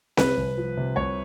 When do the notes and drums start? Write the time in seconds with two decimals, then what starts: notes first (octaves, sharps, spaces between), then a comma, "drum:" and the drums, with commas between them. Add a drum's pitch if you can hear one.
0.17 C2 B4, drum: snare C4
0.37 C2
0.58 F3
0.77 C3
0.96 C2 C#5